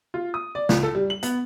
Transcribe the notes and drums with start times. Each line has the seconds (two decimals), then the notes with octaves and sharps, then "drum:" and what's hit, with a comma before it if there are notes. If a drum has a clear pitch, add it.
0.14 F4
0.34 D#6
0.55 D5
0.69 C#2, drum: snare
0.83 A4
0.95 G3
1.10 F#7
1.23 B3, drum: hi-hat